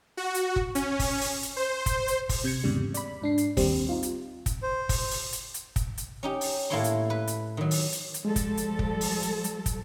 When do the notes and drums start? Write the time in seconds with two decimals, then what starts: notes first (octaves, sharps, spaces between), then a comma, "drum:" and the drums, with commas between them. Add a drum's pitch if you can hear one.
0.17 F#4
0.34 drum: hi-hat
0.56 drum: kick
0.75 C#4, drum: hi-hat
0.99 drum: kick, open hi-hat
1.21 drum: open hi-hat
1.43 drum: hi-hat
1.57 C5
1.86 drum: kick, hi-hat
2.08 drum: hi-hat
2.29 drum: kick, open hi-hat
2.44 C3 G6 G#6 C#7
2.64 E2 G#2 C#3 G3
2.94 D5 B5, drum: hi-hat
3.22 G#2 D4 C7
3.38 drum: hi-hat
3.57 D#2 G3 C4, drum: kick, open hi-hat
3.89 D#4 F4
4.03 drum: hi-hat
4.46 drum: kick, hi-hat
4.62 C5
4.89 drum: kick, open hi-hat
5.11 drum: open hi-hat
5.33 drum: hi-hat
5.54 drum: hi-hat
5.76 drum: kick, hi-hat
5.98 drum: hi-hat
6.23 C#4 D#4 G4
6.41 drum: open hi-hat
6.70 A2 A#3 E4 A4 C#5 C6
6.84 drum: hi-hat
7.10 B4
7.27 drum: hi-hat
7.57 D#3 F#3
7.71 drum: open hi-hat
7.92 drum: hi-hat
8.14 drum: hi-hat
8.25 F3 G3 G#3 A4
8.36 drum: kick, hi-hat
8.57 drum: hi-hat
8.79 drum: kick
9.01 drum: open hi-hat
9.22 drum: hi-hat
9.44 drum: hi-hat
9.66 drum: kick, hi-hat